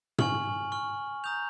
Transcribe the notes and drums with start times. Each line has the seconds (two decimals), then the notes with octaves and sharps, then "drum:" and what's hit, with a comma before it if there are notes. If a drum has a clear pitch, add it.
0.18 G#5 C#6 F6 F#7, drum: tom
0.72 C#6 F6
1.24 A#5 D#6 G6 F7